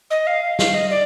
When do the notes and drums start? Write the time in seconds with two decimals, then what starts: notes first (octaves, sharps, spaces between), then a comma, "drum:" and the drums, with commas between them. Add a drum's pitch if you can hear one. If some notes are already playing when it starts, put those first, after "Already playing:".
0.10 D#5
0.27 F5
0.59 F5, drum: snare
0.74 D#5
0.90 D5